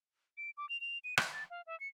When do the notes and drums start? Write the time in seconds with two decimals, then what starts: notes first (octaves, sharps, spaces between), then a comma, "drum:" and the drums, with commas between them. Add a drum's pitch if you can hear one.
0.37 D7
0.57 D6
0.69 F7
0.81 F7
1.04 D#7
1.18 F#6, drum: rim click
1.33 A6
1.50 F5
1.67 E5
1.80 C#7